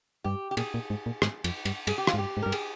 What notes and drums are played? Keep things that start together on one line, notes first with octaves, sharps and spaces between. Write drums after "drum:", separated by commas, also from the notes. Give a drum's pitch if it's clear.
G2 G4
G4
A#2 G#4, drum: cymbal
A#2
G#2
A#2
G#2, drum: rim click
F2, drum: cymbal
G2, drum: cymbal
G2 G#4, drum: cymbal
G4
F4, drum: rim click
G#2
G2 G4
G#2
G2 A#4
G#4, drum: cymbal